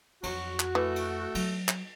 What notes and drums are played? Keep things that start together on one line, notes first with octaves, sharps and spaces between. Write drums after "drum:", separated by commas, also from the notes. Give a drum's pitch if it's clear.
F2 F#3 F#4, drum: cymbal
drum: clap
E3 A3
drum: cymbal
F#3, drum: cymbal
drum: clap